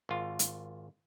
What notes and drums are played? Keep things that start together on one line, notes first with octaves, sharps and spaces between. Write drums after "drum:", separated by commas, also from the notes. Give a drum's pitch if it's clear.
G#1 F4
drum: hi-hat